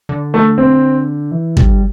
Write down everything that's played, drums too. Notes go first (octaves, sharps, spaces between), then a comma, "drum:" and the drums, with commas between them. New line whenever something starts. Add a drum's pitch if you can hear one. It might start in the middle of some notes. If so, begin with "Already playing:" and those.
D3
A3
C4
E3
G3, drum: kick